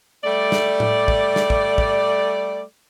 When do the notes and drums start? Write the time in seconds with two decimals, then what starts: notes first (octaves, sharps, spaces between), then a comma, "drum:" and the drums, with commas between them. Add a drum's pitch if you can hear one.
0.24 G3 A3 D5
0.52 drum: snare
0.80 drum: tom A2
1.08 drum: kick
1.36 drum: snare
1.50 drum: kick
1.78 drum: kick